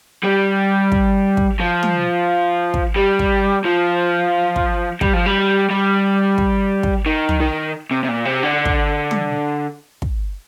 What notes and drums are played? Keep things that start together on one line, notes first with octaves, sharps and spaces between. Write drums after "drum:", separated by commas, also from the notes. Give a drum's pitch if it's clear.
G3
drum: kick
drum: kick
F3
drum: tom
drum: kick
G3
drum: kick
F3
drum: kick
G3, drum: kick
F3
G3
G3
drum: kick
drum: kick
D#3
drum: tom
D#3
C3
C3
A#2
C3
D3
drum: kick
drum: tom
drum: kick